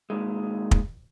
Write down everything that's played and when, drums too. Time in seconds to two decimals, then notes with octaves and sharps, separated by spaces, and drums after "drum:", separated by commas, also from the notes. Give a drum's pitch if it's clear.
0.10 A#2 D#3 G#3
0.71 drum: kick